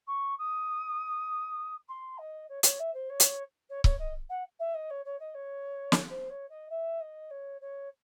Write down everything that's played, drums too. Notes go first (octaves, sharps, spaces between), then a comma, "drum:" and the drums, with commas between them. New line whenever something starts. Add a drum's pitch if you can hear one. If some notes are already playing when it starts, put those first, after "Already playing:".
C#6
D#6
C6
D#5
C#5
C#5, drum: hi-hat
E5
C5
C#5
drum: hi-hat
C#5
C#5, drum: kick C#1
D#5
F#5
E5
D#5
C#5
C#5
D#5
C#5
drum: snare
C5
C#5
D#5
E5
D#5
C#5
C#5